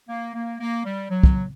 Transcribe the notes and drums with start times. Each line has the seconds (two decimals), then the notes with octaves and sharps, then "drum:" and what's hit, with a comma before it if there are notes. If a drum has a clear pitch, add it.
0.09 A#3
0.34 A#3
0.59 A#3
0.84 G3
1.10 F#3
1.23 drum: kick